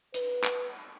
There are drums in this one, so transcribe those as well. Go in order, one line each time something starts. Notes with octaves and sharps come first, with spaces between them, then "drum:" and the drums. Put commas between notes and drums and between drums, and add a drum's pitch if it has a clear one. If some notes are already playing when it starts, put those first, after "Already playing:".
B4, drum: hi-hat
drum: clap